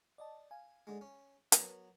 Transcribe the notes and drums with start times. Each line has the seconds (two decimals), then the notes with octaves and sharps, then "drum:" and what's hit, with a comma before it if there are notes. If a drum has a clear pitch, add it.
0.18 D5 D#5 A5
0.51 F5 G#5
0.87 D3 G#3
1.01 C#4
1.52 F#3 B3 A#4 B4, drum: hi-hat